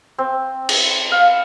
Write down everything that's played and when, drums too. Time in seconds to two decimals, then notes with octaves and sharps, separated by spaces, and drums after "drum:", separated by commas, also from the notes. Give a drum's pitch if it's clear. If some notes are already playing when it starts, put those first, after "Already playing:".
0.18 C4
0.69 drum: cymbal
1.12 F5